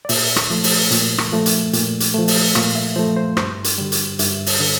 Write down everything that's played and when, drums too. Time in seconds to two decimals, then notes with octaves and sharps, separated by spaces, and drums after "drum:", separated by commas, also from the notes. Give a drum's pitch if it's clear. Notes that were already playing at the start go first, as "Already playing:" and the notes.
0.05 D5
0.09 A#2 E5, drum: open hi-hat
0.36 drum: rim click
0.50 F3 A3
0.64 drum: open hi-hat
0.91 A#2, drum: hi-hat
1.18 drum: rim click
1.32 F3 A3
1.46 drum: hi-hat
1.73 A#2, drum: hi-hat
2.00 drum: hi-hat
2.14 F3 A3
2.28 drum: open hi-hat
2.55 A#2 F5, drum: rim click
2.75 E5
2.96 F3 A3 C5
3.17 C5
3.37 G2 C5, drum: rim click
3.64 drum: hi-hat
3.78 D3 G3
3.92 drum: hi-hat
4.19 G2 E5, drum: hi-hat
4.46 drum: open hi-hat
4.60 D3